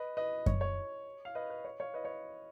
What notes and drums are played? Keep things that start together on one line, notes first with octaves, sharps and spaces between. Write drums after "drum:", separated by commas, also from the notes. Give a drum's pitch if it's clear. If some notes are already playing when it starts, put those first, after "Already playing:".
Already playing: B4 D#5
B4 D#5
C#5, drum: kick F#2
C#5
F5
B4 D#5
B4
C#5
C#5 F5
B4 D#5
C#5